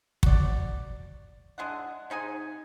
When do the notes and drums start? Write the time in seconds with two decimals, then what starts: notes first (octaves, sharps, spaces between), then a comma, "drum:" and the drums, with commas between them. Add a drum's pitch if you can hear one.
0.23 F#4 D5, drum: kick
1.58 G#3 D4 E5 F#5
2.10 C3 D#4 G#4 G#5